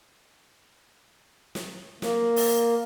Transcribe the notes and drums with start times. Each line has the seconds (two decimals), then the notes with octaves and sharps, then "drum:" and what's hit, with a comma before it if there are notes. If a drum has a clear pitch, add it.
1.55 drum: snare
2.02 A#3, drum: snare
2.36 drum: open hi-hat